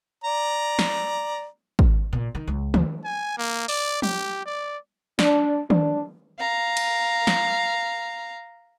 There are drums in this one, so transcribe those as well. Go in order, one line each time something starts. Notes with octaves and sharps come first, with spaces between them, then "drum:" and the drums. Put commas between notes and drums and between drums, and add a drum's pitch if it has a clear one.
D5 A#5
drum: snare
drum: kick
A#2
D#3
C#2
D2, drum: tom D#3
G#5
A#3
D5, drum: open hi-hat
G4, drum: tom F3
D5
D4, drum: snare
D4, drum: tom D#3
F5 A#5
drum: cymbal
drum: snare